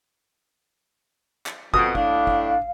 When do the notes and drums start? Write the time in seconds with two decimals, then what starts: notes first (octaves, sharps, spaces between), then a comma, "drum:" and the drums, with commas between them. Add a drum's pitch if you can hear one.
1.46 drum: clap
1.74 F2 B2 D#6, drum: kick
1.95 A2 D4 F5, drum: kick
2.27 drum: kick